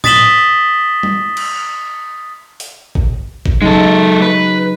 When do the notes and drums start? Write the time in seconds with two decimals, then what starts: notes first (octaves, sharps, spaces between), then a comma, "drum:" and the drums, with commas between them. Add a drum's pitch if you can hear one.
0.04 D#6 A6 B6 E7 F#7 G7, drum: tom A2
1.03 drum: tom G3
1.37 drum: cymbal
2.60 drum: open hi-hat
2.95 drum: kick G#1
3.46 drum: kick G#1
3.62 C#3 F#3 G#3 D#4 A4
4.22 B4